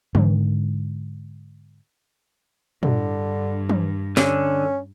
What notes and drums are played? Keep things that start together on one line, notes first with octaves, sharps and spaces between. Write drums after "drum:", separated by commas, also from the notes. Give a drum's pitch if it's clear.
G#2 D3, drum: tom
G2 D3, drum: tom
drum: tom
D3 C#4, drum: snare